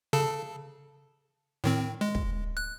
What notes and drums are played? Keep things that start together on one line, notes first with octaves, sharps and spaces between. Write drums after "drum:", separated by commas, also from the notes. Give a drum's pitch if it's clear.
C#3 A4 A5
A2 D#3 C4
G#3
drum: kick
F#6